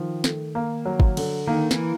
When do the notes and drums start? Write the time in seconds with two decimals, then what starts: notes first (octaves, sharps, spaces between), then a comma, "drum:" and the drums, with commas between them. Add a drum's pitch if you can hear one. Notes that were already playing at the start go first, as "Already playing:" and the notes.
Already playing: D#3 F3
0.24 A3, drum: snare
0.55 A#3
0.85 F#3
1.00 drum: kick G1
1.17 D3, drum: cymbal
1.47 D#3 A#3
1.71 E3, drum: snare